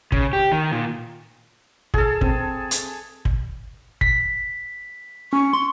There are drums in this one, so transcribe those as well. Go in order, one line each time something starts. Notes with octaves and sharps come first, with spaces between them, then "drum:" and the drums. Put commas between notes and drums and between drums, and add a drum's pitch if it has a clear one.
C#3, drum: kick
G4
D#3
A#2
G#4 A4, drum: kick
C4, drum: kick
drum: hi-hat
drum: kick
B6, drum: kick
C#4 C#6
C6